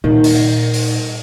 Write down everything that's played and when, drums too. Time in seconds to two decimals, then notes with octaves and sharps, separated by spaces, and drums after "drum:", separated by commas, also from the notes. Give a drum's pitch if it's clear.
0.04 A#2 D#3 G3
0.24 drum: open hi-hat
0.73 drum: open hi-hat